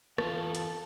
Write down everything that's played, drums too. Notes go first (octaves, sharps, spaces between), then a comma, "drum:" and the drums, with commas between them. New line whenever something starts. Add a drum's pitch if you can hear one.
E2 F4 A4 A5, drum: rim click
drum: hi-hat